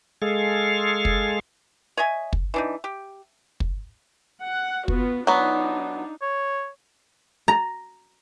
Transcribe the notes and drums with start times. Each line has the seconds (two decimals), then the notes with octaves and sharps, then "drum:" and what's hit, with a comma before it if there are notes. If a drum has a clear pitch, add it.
0.22 G#3 G#4 A4 F5
1.05 drum: kick
1.97 C#5 D#5 E5 G#5
2.33 drum: kick
2.54 E3 D4 D#4
2.84 G4
3.60 drum: kick
4.43 F#5
4.88 B3 F4 F#4, drum: kick
5.27 F#3 B3 D4 D#4 F4
6.21 C#5
7.48 A#5